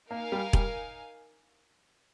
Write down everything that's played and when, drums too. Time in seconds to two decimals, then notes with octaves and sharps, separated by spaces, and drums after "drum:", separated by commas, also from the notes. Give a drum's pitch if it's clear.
0.10 A#3 D#4 A#4 F5 G#5
0.32 G3
0.53 G3, drum: kick E1